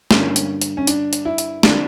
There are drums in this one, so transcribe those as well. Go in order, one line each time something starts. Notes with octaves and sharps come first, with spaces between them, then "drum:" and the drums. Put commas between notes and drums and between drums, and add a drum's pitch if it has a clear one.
G2 D3 G3 A#3 C#4, drum: snare
drum: hi-hat
drum: hi-hat
C#4
D4, drum: hi-hat
drum: hi-hat
E4
drum: hi-hat
D3 G3 C4 D4, drum: snare